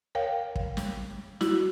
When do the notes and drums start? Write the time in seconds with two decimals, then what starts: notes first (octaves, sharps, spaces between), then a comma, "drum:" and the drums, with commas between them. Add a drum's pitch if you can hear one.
0.15 A#4 C#5 F5 G5
0.56 drum: kick
0.77 drum: snare
1.41 E4 F#4, drum: snare